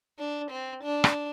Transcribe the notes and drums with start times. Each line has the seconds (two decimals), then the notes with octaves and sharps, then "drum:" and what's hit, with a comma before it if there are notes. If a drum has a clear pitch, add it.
0.18 D4
0.50 C4
0.83 D4
1.04 drum: rim click